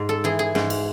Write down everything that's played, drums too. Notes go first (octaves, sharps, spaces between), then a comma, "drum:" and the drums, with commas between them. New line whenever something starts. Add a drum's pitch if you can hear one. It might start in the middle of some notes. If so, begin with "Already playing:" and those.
Already playing: G#2
A4
E3 G#4
G#4
G#2, drum: snare
drum: cymbal